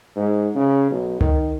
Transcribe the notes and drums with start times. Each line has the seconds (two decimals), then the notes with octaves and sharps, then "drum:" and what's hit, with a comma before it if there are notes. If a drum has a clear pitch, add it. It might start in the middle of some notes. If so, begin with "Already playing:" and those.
0.16 G#2
0.55 C#3
0.90 B1
1.21 D#3, drum: tom C#2